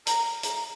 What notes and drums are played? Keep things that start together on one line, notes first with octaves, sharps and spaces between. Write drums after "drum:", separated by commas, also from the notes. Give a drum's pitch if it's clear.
A#5, drum: hi-hat
A#5, drum: hi-hat